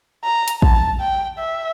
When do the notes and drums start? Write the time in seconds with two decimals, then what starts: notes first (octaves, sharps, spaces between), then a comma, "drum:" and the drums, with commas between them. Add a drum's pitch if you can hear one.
0.24 A#5
0.48 drum: hi-hat
0.62 A5, drum: kick
1.01 G5
1.39 E5